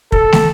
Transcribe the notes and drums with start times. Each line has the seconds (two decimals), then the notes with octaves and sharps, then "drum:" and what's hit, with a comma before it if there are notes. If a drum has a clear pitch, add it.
0.12 A4, drum: kick
0.32 drum: snare